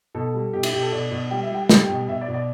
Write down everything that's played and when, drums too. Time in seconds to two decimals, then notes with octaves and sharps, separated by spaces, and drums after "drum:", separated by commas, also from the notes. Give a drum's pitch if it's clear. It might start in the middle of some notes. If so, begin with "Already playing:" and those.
0.15 B2 A4
0.34 G3
0.53 B2 G4
0.63 E4, drum: cymbal
0.73 B2 G4
0.82 A4
0.92 B2 D5
1.11 B2
1.31 G3 G5
1.43 E5
1.50 G3 G5
1.69 G3, drum: snare
1.89 B2
2.08 B2 E5
2.21 D5
2.28 B2
2.34 D5